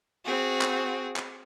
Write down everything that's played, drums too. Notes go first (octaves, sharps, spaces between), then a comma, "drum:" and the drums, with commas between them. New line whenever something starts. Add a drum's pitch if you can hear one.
C4 F#4 G#4
drum: clap
drum: clap